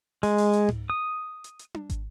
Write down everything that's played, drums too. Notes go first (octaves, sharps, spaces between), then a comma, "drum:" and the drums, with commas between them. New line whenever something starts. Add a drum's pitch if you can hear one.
G#3, drum: open hi-hat
drum: open hi-hat
drum: hi-hat
drum: tom G#2
D#6
drum: hi-hat
drum: hi-hat
drum: tom D4
drum: kick, hi-hat